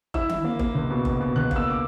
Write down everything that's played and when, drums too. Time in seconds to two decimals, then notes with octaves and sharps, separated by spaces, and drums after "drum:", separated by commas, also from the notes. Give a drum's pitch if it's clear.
0.14 E4 E6, drum: kick G1
0.29 E4, drum: tom D#3
0.44 A#3
0.59 A#3, drum: kick G1
0.75 C#2
0.90 B2
1.05 C#2, drum: kick G1
1.21 B2
1.36 C#2 F#6
1.51 A#3, drum: kick G1
1.56 E6
1.70 D6